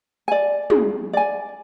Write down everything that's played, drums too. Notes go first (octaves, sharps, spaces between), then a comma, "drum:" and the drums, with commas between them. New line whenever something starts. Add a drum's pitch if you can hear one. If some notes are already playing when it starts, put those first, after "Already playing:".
D5 G#5
G#4, drum: tom
D5 G#5